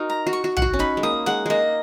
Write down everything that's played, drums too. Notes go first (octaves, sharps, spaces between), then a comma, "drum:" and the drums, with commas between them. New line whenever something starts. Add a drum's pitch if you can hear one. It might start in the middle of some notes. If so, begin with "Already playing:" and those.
Already playing: D#4 F#4 A#4
A#5
F#4
C#6
F#4
F#5, drum: tom A1
F#4
C#4
D#4 B5
G#3
A#3 D#6
G#3 F#5
G#3 A#3 D#5